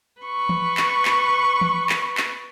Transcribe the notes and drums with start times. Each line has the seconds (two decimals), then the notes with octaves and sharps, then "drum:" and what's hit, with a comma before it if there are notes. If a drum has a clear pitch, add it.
0.21 B4 C#6
0.49 drum: tom E3
0.77 drum: clap
1.05 drum: clap
1.61 drum: tom E3
1.89 drum: clap
2.17 drum: clap